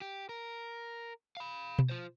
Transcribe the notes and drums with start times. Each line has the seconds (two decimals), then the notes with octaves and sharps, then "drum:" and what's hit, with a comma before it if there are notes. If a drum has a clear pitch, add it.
0.01 G4
0.29 A#4
1.37 F5 B5
1.79 drum: tom B2
1.89 F4 C5